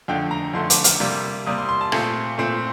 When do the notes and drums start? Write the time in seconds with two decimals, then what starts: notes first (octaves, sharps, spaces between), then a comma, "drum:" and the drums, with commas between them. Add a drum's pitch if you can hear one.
0.08 F2 D3 A3 G5
0.31 A#5
0.54 F2 D3 A3 C6
0.70 D6, drum: hi-hat
0.84 F6, drum: hi-hat
1.00 C3 G3 A#3
1.46 C3 G3 A#3 D#6
1.58 C6
1.69 C6
1.81 A5
1.92 A#2 A3 C4, drum: rim click
2.38 A#2 A3 C4